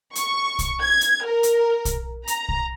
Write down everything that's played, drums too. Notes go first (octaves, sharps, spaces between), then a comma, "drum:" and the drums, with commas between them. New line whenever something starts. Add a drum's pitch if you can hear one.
C#6, drum: hi-hat
drum: kick, hi-hat
G#6
drum: hi-hat
A#4
drum: hi-hat
drum: kick, hi-hat
A#5, drum: hi-hat
drum: kick